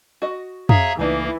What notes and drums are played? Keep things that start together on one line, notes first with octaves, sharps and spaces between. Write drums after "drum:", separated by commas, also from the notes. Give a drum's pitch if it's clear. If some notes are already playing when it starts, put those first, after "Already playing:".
F#4 D#5
G#4 C#5 E5 F5 A#5 D#6, drum: tom
C#2 E3 A3 A#3 D4 D#4